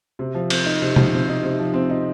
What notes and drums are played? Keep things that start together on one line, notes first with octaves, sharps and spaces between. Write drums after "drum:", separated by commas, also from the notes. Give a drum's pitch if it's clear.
C3
F3
C4, drum: cymbal
D#4
C3
F3, drum: tom
C4
D#4
C3
F3
C4
D#4